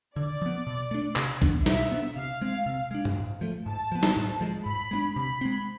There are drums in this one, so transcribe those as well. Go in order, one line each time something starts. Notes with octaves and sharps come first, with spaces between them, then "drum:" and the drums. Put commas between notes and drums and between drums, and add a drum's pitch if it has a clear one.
D3 D5
F3 B3
B2
A3 D4
C3, drum: clap
E3 B3 D4, drum: kick B1
B2 E5, drum: snare
B3 D4
C3 F5
G#3 C4
C3
G#3 D4
drum: tom G2
A2
F3 A3
G#2 A5
F3 B3
drum: snare
A2
F3 G#3
G#2 B5
G#3 B3 D4
C3 B5
G#3 C4